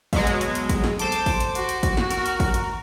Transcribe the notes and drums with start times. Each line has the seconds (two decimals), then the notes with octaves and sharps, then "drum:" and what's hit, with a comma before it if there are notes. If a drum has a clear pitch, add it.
0.13 B2 F#3 G#3, drum: kick, open hi-hat
0.27 drum: hi-hat
0.41 drum: hi-hat
0.55 drum: hi-hat
0.69 drum: kick, hi-hat
0.84 drum: snare
0.99 A4 C5 D6, drum: hi-hat
1.12 drum: hi-hat
1.26 drum: kick, open hi-hat
1.40 drum: hi-hat
1.55 F#4, drum: hi-hat
1.69 drum: hi-hat
1.83 drum: kick, hi-hat
1.97 drum: snare
2.11 A#4, drum: hi-hat
2.26 drum: hi-hat
2.40 drum: kick, open hi-hat
2.54 drum: hi-hat